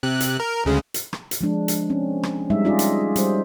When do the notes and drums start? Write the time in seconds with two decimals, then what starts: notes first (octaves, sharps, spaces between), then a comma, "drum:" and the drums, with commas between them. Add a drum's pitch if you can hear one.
0.03 C3 F#6
0.20 drum: hi-hat
0.40 A#4
0.65 D2 C#3 G#3
0.94 drum: hi-hat
1.13 drum: rim click
1.31 drum: hi-hat
1.41 F3 G#3 D4
1.68 drum: hi-hat
1.90 C4 C#4
2.23 drum: rim click
2.50 G3 G#3 D#4 E5
2.65 C#4 D#4 F4 G#4 D5 D#5
2.79 drum: hi-hat
3.16 G3 C5, drum: hi-hat